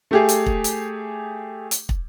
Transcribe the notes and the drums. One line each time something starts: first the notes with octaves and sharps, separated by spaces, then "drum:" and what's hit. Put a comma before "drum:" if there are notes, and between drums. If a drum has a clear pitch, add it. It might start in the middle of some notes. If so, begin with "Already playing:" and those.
A3 G4 G#4
drum: hi-hat
drum: kick
drum: hi-hat
drum: hi-hat
drum: kick